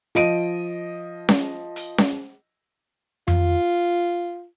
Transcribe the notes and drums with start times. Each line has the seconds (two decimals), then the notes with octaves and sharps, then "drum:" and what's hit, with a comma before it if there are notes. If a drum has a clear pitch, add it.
0.15 F3 D#5 D7 D#7
1.29 drum: snare C#4
1.76 drum: hi-hat
1.98 drum: snare C#4
3.28 F4, drum: tom F2